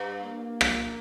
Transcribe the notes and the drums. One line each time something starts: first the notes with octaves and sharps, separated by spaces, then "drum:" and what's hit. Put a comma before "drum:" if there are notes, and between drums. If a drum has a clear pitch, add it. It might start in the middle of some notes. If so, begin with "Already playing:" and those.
Already playing: G2
A#3
drum: rim click